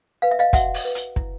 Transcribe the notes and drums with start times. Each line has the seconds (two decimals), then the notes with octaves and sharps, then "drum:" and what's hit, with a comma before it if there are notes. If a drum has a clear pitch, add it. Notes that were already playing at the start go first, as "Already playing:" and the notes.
0.22 B4 F5
0.31 E5
0.39 D#5 F5
0.53 F#4 E5 F#5, drum: kick, hi-hat
0.74 drum: open hi-hat
0.85 B4
0.95 drum: hi-hat
1.16 E4, drum: kick